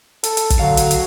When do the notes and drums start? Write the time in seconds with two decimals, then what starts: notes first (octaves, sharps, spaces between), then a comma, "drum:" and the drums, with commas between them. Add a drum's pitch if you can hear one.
0.24 A4, drum: hi-hat
0.37 drum: hi-hat
0.50 drum: kick, hi-hat
0.59 D3 F#3 F5
0.77 drum: hi-hat
0.91 drum: hi-hat